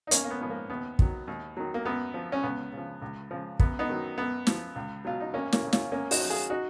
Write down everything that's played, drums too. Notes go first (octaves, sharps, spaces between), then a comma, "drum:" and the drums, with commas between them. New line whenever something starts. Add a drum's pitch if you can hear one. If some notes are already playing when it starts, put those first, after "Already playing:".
D#4
G#1 A#3 C#4, drum: hi-hat
A#3
B3
G#2 F3 B3
A#3
D#2 B3
D#3 F#3, drum: kick
D#2
D#3 F#3
A#3
F#2 B3
F3
C#4
C#2 B3
C#3
F3
C#2
C#3 F3
F#2 B3, drum: kick
B3 D#4
D#3 F#3
F#2 B3
F3, drum: snare
C#2
B2 F#3 F4
D#4
G#1 A#3 C#4
A#3 C#4, drum: snare
F#2 C#3
C#4 F4, drum: snare
F#2 A#3 C#4
D#4 F#4, drum: open hi-hat
F3
F4 G#4
D#4 F#4